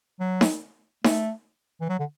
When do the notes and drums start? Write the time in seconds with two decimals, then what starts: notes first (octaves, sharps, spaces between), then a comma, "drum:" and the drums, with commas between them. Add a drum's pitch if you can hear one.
0.20 F#3
0.41 drum: snare D#4
1.04 A3, drum: snare D#4
1.81 E3
1.89 F#3
1.99 D3